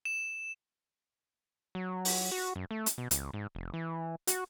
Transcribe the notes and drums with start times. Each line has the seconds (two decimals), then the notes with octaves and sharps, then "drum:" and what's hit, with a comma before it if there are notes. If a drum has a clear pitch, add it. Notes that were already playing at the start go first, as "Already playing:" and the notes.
0.05 E7
1.75 F#3
2.05 drum: open hi-hat
2.32 F#4
2.56 F#2
2.71 A3
2.86 drum: hi-hat
2.98 B2
3.11 C#2, drum: hi-hat
3.34 G#2
3.55 F1
3.73 E3
4.27 F#4, drum: hi-hat